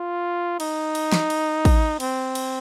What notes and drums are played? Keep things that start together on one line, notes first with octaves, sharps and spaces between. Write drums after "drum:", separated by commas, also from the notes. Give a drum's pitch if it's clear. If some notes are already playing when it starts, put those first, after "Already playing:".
Already playing: F4
D#4, drum: cymbal
drum: cymbal
drum: snare
drum: cymbal
drum: kick A1, cymbal
C4, drum: cymbal
drum: cymbal